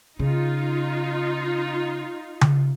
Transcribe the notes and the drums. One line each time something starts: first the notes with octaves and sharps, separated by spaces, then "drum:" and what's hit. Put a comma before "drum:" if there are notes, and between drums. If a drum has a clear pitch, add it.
C#3 D#4 F4
drum: tom C#3